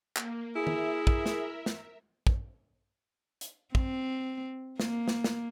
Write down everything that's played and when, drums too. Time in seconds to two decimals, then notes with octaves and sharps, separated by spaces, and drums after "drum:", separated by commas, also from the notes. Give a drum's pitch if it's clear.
0.17 A#3, drum: clap
0.56 E4 G#4 A#4 E5
0.67 drum: tom
1.07 drum: kick
1.26 drum: snare
1.66 drum: snare
2.27 drum: kick
3.41 drum: hi-hat
3.75 C4, drum: kick
4.80 A#3, drum: snare
5.08 drum: snare
5.24 drum: snare